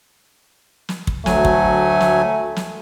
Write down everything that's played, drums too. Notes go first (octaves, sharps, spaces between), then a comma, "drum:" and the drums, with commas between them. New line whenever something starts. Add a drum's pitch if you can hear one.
drum: snare
drum: kick
D2 F#3 A3 G#5, drum: snare
drum: kick
drum: snare
drum: snare